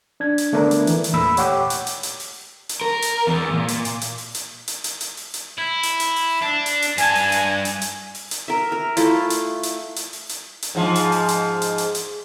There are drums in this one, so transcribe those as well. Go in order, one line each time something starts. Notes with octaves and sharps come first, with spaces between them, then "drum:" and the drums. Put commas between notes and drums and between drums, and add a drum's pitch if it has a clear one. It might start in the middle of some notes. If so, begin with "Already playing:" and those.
D4 G#6
drum: hi-hat
D3 A3 B3 D4 A#4
drum: hi-hat
E3, drum: hi-hat
drum: hi-hat
E2 A#2 A3 B5 E6
G4 C#5 F#5 G5 D6, drum: hi-hat
drum: hi-hat
drum: hi-hat
drum: hi-hat
drum: open hi-hat
drum: hi-hat
A#4
drum: hi-hat
E2
A#2
drum: hi-hat
drum: hi-hat
drum: hi-hat
drum: open hi-hat
drum: hi-hat
drum: hi-hat
drum: hi-hat
drum: hi-hat
drum: open hi-hat
drum: hi-hat
E4
drum: hi-hat
drum: hi-hat
drum: open hi-hat
D4
drum: hi-hat
drum: hi-hat
G2 G#5 A5, drum: hi-hat
drum: open hi-hat
drum: hi-hat
drum: hi-hat
drum: hi-hat
drum: open hi-hat
drum: hi-hat
A#4 E5
A#4
A3 E4 F4, drum: hi-hat
drum: hi-hat
drum: hi-hat
drum: hi-hat
drum: open hi-hat
drum: hi-hat
drum: hi-hat
G#2 F3
drum: hi-hat
drum: open hi-hat
drum: hi-hat
drum: hi-hat
drum: hi-hat
drum: hi-hat